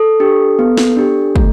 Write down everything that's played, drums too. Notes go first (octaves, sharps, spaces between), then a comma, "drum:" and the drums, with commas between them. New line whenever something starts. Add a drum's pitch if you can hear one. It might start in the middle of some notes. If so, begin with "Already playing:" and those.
Already playing: A4
D4 G4
B3
drum: snare
D4 G4
A3, drum: kick